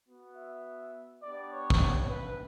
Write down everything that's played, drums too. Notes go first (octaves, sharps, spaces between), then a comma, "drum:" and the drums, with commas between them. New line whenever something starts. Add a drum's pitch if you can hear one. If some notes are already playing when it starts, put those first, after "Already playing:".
B3 F#4
E5
B3 D4 G4 D5
C#5
drum: kick
B4